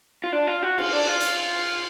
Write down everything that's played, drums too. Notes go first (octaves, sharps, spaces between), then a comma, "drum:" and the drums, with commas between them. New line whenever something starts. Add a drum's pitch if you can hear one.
F4
D4
F4
F#4
F4, drum: cymbal
D4
F4
drum: hi-hat